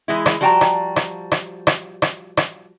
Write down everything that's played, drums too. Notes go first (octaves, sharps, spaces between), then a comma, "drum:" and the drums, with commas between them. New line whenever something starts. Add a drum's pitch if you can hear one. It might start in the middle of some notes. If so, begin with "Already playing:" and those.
E3 G#3 E4
drum: rim click
F3 G3 F#4 G5 A5 A#5
drum: rim click
drum: rim click
drum: rim click
drum: rim click
drum: rim click
drum: rim click